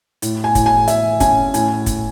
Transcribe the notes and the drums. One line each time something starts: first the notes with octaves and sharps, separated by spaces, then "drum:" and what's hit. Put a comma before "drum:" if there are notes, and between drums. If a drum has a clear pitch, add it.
A2, drum: hi-hat
G#5
A2, drum: kick, hi-hat
G#5
A2 E5, drum: hi-hat
C#4 G#5, drum: kick, hi-hat
A2 G#5, drum: hi-hat
drum: kick, hi-hat